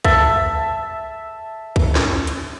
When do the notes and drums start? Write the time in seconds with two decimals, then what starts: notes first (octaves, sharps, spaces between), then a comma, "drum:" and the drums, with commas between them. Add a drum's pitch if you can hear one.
0.05 E5 A5, drum: kick
1.76 drum: kick
1.95 drum: snare
2.27 drum: hi-hat